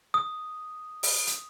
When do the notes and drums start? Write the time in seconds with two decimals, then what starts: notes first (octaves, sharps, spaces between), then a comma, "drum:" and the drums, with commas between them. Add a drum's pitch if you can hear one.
0.14 D#6
1.03 drum: open hi-hat
1.27 drum: hi-hat